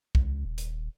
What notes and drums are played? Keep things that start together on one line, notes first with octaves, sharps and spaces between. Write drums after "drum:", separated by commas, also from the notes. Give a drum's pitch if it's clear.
C#2, drum: kick B1
D#1
drum: hi-hat